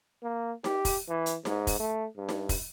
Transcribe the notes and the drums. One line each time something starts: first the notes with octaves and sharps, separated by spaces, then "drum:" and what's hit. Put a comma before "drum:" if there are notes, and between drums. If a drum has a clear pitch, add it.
A#3
G4, drum: snare D#4
drum: kick, open hi-hat
E3
drum: hi-hat
G#2, drum: snare D#4
drum: kick, open hi-hat
A3
G2
drum: snare D#4
drum: kick, open hi-hat